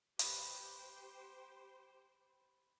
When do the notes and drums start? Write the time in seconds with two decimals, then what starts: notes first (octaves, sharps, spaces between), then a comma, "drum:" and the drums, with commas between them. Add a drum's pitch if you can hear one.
0.19 G4 B4 C5 G5, drum: hi-hat